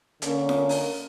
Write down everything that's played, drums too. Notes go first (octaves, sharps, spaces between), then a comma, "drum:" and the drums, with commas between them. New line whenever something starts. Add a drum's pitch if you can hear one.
D3 A#3 C#4, drum: hi-hat
drum: snare F4
drum: open hi-hat